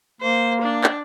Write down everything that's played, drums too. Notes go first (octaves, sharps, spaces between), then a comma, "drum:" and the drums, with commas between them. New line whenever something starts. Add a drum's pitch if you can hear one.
A#3 C5
D4
drum: clap